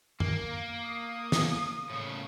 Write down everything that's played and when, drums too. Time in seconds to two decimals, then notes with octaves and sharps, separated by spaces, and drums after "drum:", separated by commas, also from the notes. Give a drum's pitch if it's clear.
0.20 A#3, drum: tom F#2
0.87 D#6
1.32 drum: snare
1.90 A2 C#3